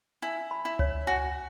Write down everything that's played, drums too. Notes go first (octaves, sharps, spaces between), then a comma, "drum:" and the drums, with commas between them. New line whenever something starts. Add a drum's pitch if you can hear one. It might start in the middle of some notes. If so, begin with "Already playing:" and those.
E4 G#5
B5
E4
C#5, drum: tom C#2
F#4 G#5